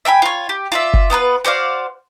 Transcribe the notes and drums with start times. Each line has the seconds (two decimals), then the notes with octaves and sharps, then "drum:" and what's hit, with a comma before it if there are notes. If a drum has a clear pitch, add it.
0.05 E5 G5 G#5 B5
0.22 F4 C#5
0.49 G4
0.72 F4 D5 E5
0.94 drum: kick F#1
1.10 B3 F4 A#4 B4
1.45 F#4 C5 D5 F5